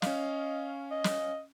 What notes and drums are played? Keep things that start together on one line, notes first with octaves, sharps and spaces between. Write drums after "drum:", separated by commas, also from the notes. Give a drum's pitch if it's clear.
C#4 D#5 F5, drum: snare
D#5
drum: snare